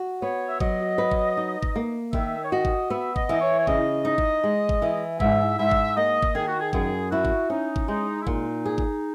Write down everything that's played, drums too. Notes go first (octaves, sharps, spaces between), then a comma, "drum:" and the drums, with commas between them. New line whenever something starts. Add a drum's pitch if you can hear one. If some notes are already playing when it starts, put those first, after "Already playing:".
Already playing: F#4
B3 C#5
E5
F#3 D#5, drum: kick G1
B4
drum: kick G1
D#4
drum: kick G1
A#3
D#3 E5, drum: kick G1
C#5
F#4 D#5
drum: kick G1
B3 E5
D#5, drum: kick G1
E3 D#5
C#5
C#5
C#3 D#5, drum: kick G1
D#4 D#5
drum: kick G1
G#3
drum: kick G1
E3
G#2 E5, drum: kick G1
G#2 E5
drum: kick G1
A#3 D#5
drum: kick G1
D#3 G#4
F#4
G#4
F#2 G#4, drum: kick G1
E4 F#4
drum: kick G1
C#4 D#4
drum: kick G1
G#3 D#4
E4
A#2 D#4, drum: kick G1
G#4
drum: kick G1